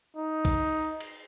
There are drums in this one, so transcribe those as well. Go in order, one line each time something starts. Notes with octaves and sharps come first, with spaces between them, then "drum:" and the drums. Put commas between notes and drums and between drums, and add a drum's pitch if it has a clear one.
D#4
drum: kick A#1, cymbal
drum: cymbal